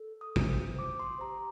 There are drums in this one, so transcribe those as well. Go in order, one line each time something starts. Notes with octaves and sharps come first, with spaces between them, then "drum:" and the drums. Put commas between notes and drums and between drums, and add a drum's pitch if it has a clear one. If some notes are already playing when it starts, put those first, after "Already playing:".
Already playing: A4
D#6
C5, drum: kick
D#6
C5 D6
C6
G4 A#5